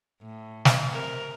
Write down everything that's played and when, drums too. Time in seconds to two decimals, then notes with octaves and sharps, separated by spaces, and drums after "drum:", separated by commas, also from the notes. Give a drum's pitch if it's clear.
0.22 A2
0.65 drum: snare
0.92 C3 A#4